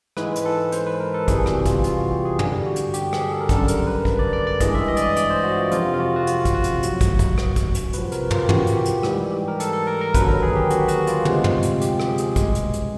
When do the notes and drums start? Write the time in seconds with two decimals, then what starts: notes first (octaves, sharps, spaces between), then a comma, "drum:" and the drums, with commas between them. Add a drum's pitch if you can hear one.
0.17 G#2 E3 G#3 B4, drum: rim click
0.36 drum: hi-hat
0.46 A4
0.72 C5, drum: hi-hat
0.87 B4
1.00 A#4
1.14 A4
1.28 C2 C3 E3 G3 G#4, drum: kick, hi-hat
1.46 F#4, drum: rim click
1.66 F4, drum: kick, hi-hat
1.84 F4, drum: hi-hat
1.97 F#4
2.11 G4
2.25 G#4
2.39 G2 D3 G3 G4, drum: tom
2.66 F#4
2.76 drum: hi-hat
2.94 G4, drum: hi-hat
3.13 G#4, drum: rim click
3.31 A4
3.41 A#4
3.49 F#2 D3 G3 A4, drum: kick, hi-hat
3.68 A#4, drum: hi-hat
3.87 B4
4.05 drum: kick
4.19 D5
4.33 D5
4.47 D5
4.60 G2 E3 G#3 D#5, drum: kick, hi-hat
4.75 E5
4.88 D#5
4.97 D5, drum: hi-hat
5.02 D#5
5.17 D5, drum: hi-hat
5.30 C5
5.44 F#4
5.57 F4
5.72 F2 C3 F3 F4, drum: hi-hat
5.94 F4
5.99 F#4
6.16 F#4
6.27 F4, drum: hi-hat
6.45 drum: kick, hi-hat
6.55 F#4
6.64 drum: hi-hat
6.83 A2 F#3, drum: hi-hat
7.01 drum: kick, hi-hat
7.19 drum: kick, hi-hat
7.38 drum: rim click
7.56 drum: kick, hi-hat
7.75 drum: hi-hat
7.93 C2 C3 F3 B4, drum: hi-hat
8.12 A#4, drum: hi-hat
8.31 F4, drum: tom
8.44 G4
8.49 F#4, drum: tom
8.67 drum: hi-hat
8.76 G4
8.86 drum: hi-hat
9.03 G#2 E3 G3, drum: rim click
9.31 G4
9.48 A#4
9.60 A4, drum: hi-hat
9.73 A4
9.87 A#4
10.01 A#4
10.14 D#2 D3 F#3 B4, drum: kick, hi-hat
10.29 A#4
10.43 G#4
10.56 G4
10.70 F#4, drum: hi-hat
10.88 F#4, drum: hi-hat
11.07 F4, drum: hi-hat
11.25 D2 C3 F3 G#3, drum: tom
11.44 drum: tom
11.63 drum: hi-hat
11.81 G4, drum: hi-hat
12.00 drum: rim click
12.09 G#4
12.18 drum: hi-hat
12.36 C2 B2 G#3, drum: kick, hi-hat
12.55 drum: hi-hat
12.73 drum: hi-hat